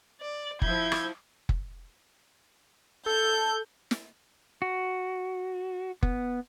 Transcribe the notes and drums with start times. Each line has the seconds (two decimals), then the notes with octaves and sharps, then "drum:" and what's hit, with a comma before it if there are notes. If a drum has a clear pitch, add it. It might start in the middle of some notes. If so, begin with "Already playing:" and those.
0.21 D5
0.62 F3 E4 G6 G#6, drum: kick
0.92 drum: rim click
1.49 drum: kick
3.06 A4 G6
3.91 drum: snare
4.62 F#4
6.03 B3, drum: kick